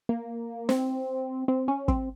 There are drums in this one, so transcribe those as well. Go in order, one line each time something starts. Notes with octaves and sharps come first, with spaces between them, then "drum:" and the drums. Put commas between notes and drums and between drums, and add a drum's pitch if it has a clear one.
A#3
C4, drum: snare
C4
C#4
C4, drum: kick